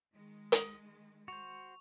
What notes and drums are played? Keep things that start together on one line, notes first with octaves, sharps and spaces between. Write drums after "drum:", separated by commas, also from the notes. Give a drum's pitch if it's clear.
D#3 G#3
drum: hi-hat
F#4 C5 C#6 F7